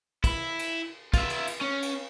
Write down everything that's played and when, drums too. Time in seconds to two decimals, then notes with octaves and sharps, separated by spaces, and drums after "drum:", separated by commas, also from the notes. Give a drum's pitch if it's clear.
0.24 E4, drum: kick, cymbal
0.59 drum: cymbal
1.14 F4 E5, drum: kick, cymbal
1.30 drum: cymbal
1.47 drum: cymbal
1.61 C#4
1.82 drum: cymbal